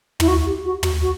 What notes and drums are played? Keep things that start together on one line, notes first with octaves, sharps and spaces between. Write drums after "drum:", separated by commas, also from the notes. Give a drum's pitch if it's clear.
E4, drum: tom
F#4
G4
F#4
F#4, drum: tom
F#4